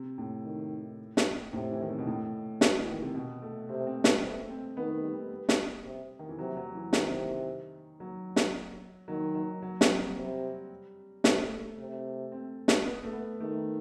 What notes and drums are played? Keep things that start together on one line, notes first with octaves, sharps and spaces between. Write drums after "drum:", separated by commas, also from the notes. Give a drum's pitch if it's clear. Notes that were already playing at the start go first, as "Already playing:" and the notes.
Already playing: C3
A2
D#3
drum: snare
A2 C3
E3
D#3
C3
B2
A2
B2, drum: snare
E3
D#3
C3
B2
A3
C3 C4
C4
B3, drum: snare
G3
C3 A3
C4
D#3 B3
G3
drum: snare
C3
D#3
E3
C3 F#3
F#3
E3
C3 D#3, drum: snare
F#3
drum: snare
D#3 F#3
F#3
F#3
C4, drum: snare
G3
C3 G3
C3 A3, drum: snare
C3
C4
drum: snare
B3
A3
B3
D#3 A3